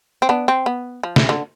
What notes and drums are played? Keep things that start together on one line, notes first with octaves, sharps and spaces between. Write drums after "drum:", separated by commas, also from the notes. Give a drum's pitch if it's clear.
C4
B3 D4
C4
B3
F3
E3, drum: snare
D3